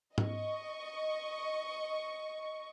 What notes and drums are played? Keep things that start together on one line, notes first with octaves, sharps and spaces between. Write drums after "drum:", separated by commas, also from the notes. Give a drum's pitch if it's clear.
D#5 C#6, drum: tom G#2